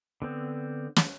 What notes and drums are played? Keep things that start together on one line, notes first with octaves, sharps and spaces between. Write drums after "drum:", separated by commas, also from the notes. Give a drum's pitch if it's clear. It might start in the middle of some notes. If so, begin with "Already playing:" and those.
D3 B3 C4
drum: snare